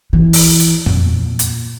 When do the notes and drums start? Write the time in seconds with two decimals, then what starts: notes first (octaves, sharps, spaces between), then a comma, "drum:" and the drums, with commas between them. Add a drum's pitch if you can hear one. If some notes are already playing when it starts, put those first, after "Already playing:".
0.13 E3
0.33 drum: open hi-hat
0.60 drum: hi-hat
0.86 A#2, drum: tom
1.39 drum: hi-hat